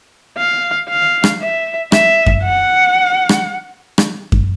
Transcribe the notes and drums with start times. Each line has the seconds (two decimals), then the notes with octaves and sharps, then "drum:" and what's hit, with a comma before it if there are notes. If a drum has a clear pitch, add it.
0.38 F5
0.89 F5
1.24 drum: rim click
1.40 E5
1.92 E5, drum: rim click
2.26 drum: kick F#2
2.43 F#5
3.29 drum: rim click
3.98 drum: rim click
4.32 drum: kick F#2